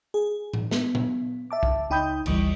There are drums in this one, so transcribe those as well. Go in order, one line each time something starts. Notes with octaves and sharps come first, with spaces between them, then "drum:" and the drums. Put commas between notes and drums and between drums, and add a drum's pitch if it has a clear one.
G#4
drum: tom A2
B3, drum: snare
drum: tom A#2
E5 A5 D6
drum: kick
C#2 D#4 G5 B5 D#6 G6
G#1 D2 E3 G3, drum: cymbal